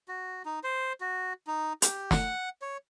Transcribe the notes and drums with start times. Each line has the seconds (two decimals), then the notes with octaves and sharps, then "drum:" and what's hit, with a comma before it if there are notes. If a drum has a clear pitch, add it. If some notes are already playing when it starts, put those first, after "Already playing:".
0.08 F#4
0.45 D#4
0.64 C5
1.01 F#4
1.47 D#4
1.82 G4, drum: hi-hat
2.11 F#5, drum: snare
2.62 C#5